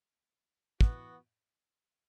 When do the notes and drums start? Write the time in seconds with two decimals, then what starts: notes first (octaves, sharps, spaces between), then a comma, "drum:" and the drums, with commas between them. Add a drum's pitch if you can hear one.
0.81 E3 B3 F#4, drum: kick